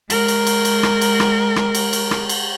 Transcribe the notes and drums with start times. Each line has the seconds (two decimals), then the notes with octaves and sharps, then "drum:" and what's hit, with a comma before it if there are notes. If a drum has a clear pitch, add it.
0.10 G#3 A#4, drum: cymbal
0.28 drum: cymbal
0.47 drum: cymbal
0.65 drum: cymbal
0.83 drum: rim click
1.01 drum: cymbal
1.20 drum: rim click
1.56 drum: rim click
1.75 drum: cymbal
1.93 drum: cymbal
2.11 drum: rim click
2.29 drum: cymbal